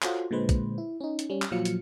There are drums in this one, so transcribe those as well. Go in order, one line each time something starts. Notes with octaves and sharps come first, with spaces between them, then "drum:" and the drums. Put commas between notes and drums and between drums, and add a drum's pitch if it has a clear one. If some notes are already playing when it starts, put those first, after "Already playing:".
F4 F#4 A4 C5 C#5, drum: clap
A#2 D3 G#3 B4 C5
drum: kick, hi-hat
E4
C#4 D#4
drum: hi-hat
G3 C#4
drum: clap
A#2 F3 F#3 F5 C#7
drum: hi-hat